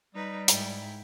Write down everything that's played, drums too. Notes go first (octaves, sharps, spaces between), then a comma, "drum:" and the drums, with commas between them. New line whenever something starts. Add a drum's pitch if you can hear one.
G3 D#4 B4 A#5
G#2 E4 G5, drum: hi-hat